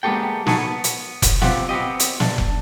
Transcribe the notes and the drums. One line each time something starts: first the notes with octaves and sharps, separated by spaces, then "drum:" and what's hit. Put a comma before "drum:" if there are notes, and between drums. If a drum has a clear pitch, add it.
G#3 A#3 B3 G4 A4 G5
D#4 F#4 G#4 A4 B4, drum: snare
B3
drum: hi-hat
drum: kick F1, hi-hat
C4 F4 G4 F#5, drum: snare
B3 C4 G4 D#5
drum: hi-hat
D4, drum: snare
drum: kick F1